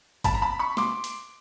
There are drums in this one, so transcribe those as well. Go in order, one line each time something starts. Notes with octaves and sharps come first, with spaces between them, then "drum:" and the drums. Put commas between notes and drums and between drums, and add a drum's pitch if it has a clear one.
A5 B5, drum: kick, hi-hat
A#5
A5 B5
B5 C#6
C6 D6, drum: snare
drum: hi-hat